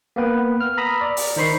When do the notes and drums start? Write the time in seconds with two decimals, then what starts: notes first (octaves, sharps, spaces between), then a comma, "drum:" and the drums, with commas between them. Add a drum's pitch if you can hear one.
0.16 A#3 B3 B4 G5
0.61 F6
0.78 A#5 B5 D#6 E6
1.01 D5
1.17 drum: open hi-hat
1.36 D#3 D#4 C5 B5 C#6 C7